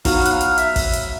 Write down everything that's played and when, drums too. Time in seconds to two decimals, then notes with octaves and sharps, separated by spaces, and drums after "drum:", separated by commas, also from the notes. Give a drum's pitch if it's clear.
0.05 F#3 B3 D#4 F#4 F5, drum: kick, open hi-hat
0.25 F#5, drum: hi-hat
0.31 F5
0.41 drum: hi-hat
0.58 E5, drum: hi-hat
0.76 drum: kick, open hi-hat
0.93 drum: hi-hat